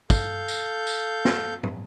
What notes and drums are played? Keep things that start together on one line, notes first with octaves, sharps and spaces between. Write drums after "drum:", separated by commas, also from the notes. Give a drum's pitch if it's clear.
A4 F5 G6, drum: kick, tambourine
drum: tambourine
drum: tambourine
drum: snare
drum: tom